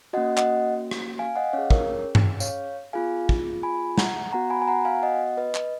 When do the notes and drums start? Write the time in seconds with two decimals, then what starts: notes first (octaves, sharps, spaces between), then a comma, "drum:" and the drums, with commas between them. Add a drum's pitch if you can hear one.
0.13 A#3 C#4 F#4 D#5 F#5
0.37 D#5 F#5, drum: clap
0.91 drum: rim click
1.19 F5 G#5
1.36 D#5 F#5
1.53 C#4 C#5 F5
1.58 G#4
1.70 A#4 C#5, drum: kick
2.15 drum: tom G2
2.40 C#5 F5, drum: tambourine
2.93 B3 F4 G#4 F5 G#5
3.29 drum: kick
3.63 G#5 B5
3.98 F#5 A#5, drum: snare
4.33 B3 F#4 F#5 A#5
4.50 G#5 B5
4.62 G#5
4.68 F#5 A#5
4.85 F5 G#5
5.03 D#5 F#5
5.37 B4 D#5
5.55 drum: clap